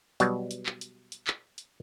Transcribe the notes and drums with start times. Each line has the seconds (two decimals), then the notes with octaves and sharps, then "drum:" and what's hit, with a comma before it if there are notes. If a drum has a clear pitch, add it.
0.20 B2 F#3 G3, drum: hi-hat
0.51 drum: hi-hat
0.66 drum: clap
0.81 drum: hi-hat
1.12 drum: hi-hat
1.27 drum: clap
1.58 drum: hi-hat